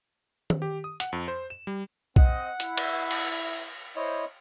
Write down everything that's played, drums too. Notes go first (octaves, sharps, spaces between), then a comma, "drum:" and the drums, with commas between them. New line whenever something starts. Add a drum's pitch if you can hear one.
drum: tom D#3
G4
D#6
F#5, drum: hi-hat
F2
C5
E7
G3
C4 D#5 F#5, drum: kick B1
E4, drum: hi-hat
drum: cymbal
drum: cymbal
E4 C5 C#5 D#5